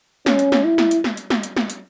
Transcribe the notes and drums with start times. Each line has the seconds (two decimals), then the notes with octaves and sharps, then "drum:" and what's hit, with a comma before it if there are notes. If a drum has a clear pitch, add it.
0.26 C#4, drum: snare
0.39 drum: hi-hat
0.52 drum: snare
0.65 E4
0.78 drum: snare
0.91 drum: hi-hat
1.04 drum: snare
1.17 drum: hi-hat
1.30 drum: snare
1.43 drum: hi-hat
1.57 drum: snare
1.70 drum: hi-hat